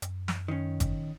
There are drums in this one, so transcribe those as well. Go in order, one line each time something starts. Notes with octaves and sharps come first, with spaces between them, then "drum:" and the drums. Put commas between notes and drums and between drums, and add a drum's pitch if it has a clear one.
F#2, drum: hi-hat
drum: snare
D#3 C#4
drum: kick G1, hi-hat